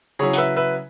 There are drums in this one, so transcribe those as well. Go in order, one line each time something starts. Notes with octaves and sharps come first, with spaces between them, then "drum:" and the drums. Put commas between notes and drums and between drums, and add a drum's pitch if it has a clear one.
C#3 F#3 E4 G#4 C#5
F#5, drum: hi-hat
B4 E5
B4 E5